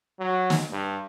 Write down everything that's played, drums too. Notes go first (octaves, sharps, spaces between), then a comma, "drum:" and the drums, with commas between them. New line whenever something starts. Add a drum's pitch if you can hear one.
F#3
drum: snare
G2